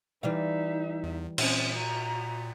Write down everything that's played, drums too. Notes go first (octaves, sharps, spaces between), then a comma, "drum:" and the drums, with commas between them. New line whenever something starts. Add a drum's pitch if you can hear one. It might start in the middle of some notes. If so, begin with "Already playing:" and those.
E3 G3 D#4 E5 F5
E2
A#2 C4 C#4, drum: cymbal
F#4 A#5